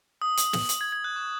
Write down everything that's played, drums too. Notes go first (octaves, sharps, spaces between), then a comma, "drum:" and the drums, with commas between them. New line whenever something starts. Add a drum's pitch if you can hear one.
D#6
drum: hi-hat
drum: snare
drum: hi-hat
G#6
G#6
F#6
C#6